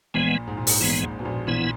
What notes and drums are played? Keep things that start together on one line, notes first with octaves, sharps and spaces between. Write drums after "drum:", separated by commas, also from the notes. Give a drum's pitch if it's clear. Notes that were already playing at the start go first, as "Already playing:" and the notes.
A#1 A#2 E3 G#3 B3
G#2
A#2
G#2, drum: open hi-hat
A#1 A#2 E3 G#3 B3
G#2
B2
A#1 A#2
A#1 A#2 E3 B3 E4